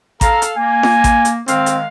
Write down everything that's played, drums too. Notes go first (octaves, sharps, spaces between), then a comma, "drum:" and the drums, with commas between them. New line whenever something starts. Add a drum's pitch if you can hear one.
A4 F5 A#5, drum: kick A1, hi-hat
drum: hi-hat
A#3 G#5
drum: snare F4
drum: kick A1, hi-hat
drum: hi-hat
D#3 G#3 C4 F5, drum: hi-hat
drum: hi-hat